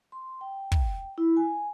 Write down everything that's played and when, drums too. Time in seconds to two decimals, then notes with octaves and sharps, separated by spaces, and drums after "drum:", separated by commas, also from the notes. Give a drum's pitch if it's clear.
0.12 C6
0.41 G5
0.72 drum: kick
1.18 E4
1.37 G#5